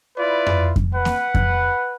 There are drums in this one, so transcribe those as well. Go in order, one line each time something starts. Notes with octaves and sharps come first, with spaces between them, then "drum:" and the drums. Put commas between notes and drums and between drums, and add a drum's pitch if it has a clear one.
E4 F4 B4 D5
drum: tom F2
drum: kick F2
B4 F#5
drum: snare A#3
drum: kick F2